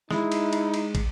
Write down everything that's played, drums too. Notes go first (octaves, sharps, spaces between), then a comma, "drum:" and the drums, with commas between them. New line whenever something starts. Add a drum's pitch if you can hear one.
G#3 D#4 E4, drum: snare
drum: cymbal
drum: cymbal
drum: cymbal
drum: kick, cymbal